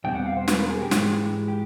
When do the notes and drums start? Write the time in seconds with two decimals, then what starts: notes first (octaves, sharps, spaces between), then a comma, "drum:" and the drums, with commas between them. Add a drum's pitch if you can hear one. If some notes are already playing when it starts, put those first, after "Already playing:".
0.04 E2 B2 G3 C4 G5
0.15 F#5
0.26 F5
0.37 C5
0.48 B4, drum: snare
0.59 A#4
0.70 G#4
0.81 G4
0.91 G#2 E3 G#3, drum: snare
1.48 G4